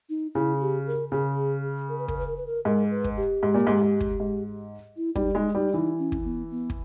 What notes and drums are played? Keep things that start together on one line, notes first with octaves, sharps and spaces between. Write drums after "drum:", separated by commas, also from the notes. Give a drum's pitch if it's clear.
D#4
C#3 E4
G4
A#4
C#3 G#4
A#4
B4
A#4, drum: kick
B4
A#4
B4
A#4
G#2 A#4
B4
drum: kick
G4
G#2
A#2
G#2
G#2
drum: kick
G#2
E4
G3 D#4, drum: kick
G#3 D#4
G3 D#4
E3 D#4
C#4
drum: kick
B3
B3
drum: kick